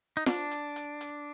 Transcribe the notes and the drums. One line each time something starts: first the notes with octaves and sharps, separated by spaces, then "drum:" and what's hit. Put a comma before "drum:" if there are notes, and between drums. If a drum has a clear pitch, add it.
D#4
D4, drum: snare F4
drum: hi-hat
drum: hi-hat
drum: hi-hat